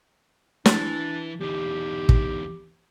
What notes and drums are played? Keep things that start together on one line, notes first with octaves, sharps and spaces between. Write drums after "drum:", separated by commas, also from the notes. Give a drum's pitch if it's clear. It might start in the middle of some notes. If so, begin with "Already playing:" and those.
E3 D4, drum: snare
E2 D#4 G4
drum: kick